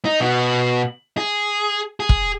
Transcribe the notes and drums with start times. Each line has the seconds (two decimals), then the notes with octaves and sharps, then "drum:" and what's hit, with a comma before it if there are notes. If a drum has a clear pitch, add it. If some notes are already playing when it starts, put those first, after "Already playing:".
0.05 D#4
0.20 B2 B3
1.17 G#4
2.00 G#4
2.09 drum: kick